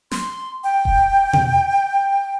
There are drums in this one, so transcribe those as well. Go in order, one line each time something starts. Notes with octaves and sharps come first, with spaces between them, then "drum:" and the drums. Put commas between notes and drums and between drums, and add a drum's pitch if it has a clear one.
C6, drum: snare
G5
drum: kick D#1
drum: tom B2